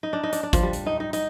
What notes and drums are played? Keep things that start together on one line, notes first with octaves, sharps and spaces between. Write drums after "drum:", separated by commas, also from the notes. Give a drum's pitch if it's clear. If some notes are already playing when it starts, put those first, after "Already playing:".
D#4
D4
D#4
D4, drum: hi-hat
D4
F3, drum: kick, hi-hat
G3
drum: hi-hat
D#4
D#4
D#4, drum: hi-hat